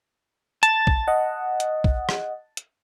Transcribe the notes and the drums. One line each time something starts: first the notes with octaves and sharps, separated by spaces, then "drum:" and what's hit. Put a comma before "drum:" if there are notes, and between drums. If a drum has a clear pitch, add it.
A5 A6, drum: hi-hat
drum: kick B1
D#5 F#5
drum: hi-hat
drum: kick B1
drum: rim click
drum: hi-hat